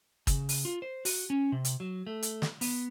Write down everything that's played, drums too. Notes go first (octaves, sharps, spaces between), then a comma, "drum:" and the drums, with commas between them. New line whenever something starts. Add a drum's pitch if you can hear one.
C#3, drum: kick, hi-hat
drum: open hi-hat
F4
C5
F#4, drum: open hi-hat
C#4
C3
drum: hi-hat
F#3
A3
drum: hi-hat
drum: snare
B3, drum: open hi-hat